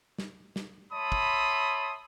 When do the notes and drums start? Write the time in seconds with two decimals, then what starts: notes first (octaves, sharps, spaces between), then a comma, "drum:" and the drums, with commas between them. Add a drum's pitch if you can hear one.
0.18 drum: snare
0.56 drum: snare
0.93 C#5 E5 A5 B5 C6 D#6
1.12 drum: kick